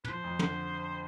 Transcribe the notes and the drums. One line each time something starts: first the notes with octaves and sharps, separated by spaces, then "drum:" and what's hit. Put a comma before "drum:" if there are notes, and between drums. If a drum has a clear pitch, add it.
B4, drum: tom
F3 C5
F2
D3, drum: tom